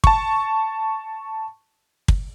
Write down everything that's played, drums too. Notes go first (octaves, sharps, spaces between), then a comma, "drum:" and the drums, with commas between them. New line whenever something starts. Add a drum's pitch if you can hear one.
A5 C#6, drum: kick
drum: kick